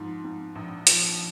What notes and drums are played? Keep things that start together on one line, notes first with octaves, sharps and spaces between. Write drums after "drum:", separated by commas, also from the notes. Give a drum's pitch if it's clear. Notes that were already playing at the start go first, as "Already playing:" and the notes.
Already playing: G#2 F3
G#2
A#1
F3, drum: hi-hat